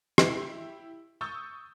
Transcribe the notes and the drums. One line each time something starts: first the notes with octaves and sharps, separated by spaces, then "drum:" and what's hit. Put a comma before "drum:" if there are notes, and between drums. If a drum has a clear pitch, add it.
E4 G4, drum: rim click
C#6 D#6 E6 G6 A6